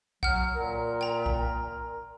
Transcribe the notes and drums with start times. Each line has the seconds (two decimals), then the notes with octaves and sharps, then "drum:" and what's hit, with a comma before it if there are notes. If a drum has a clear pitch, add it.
0.23 F#3 F#5 F6, drum: kick B1
0.55 A#2 A#4
1.01 A#4 G5 A#5
1.26 drum: kick B1